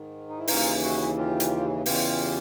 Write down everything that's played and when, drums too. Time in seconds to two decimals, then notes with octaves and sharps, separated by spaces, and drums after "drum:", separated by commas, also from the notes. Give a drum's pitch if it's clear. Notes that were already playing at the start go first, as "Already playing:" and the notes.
Already playing: G#2 D#3
0.29 D#4
0.39 E4
0.48 D#2 C#3 E3 D#4 F4, drum: open hi-hat
0.82 E4 F#4
1.17 F4 G4
1.40 drum: hi-hat
1.86 E2 C#3 E3 F4 G4, drum: open hi-hat